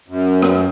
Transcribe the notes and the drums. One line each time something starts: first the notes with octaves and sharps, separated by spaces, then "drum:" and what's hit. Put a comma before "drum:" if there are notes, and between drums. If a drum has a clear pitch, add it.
F#2
drum: rim click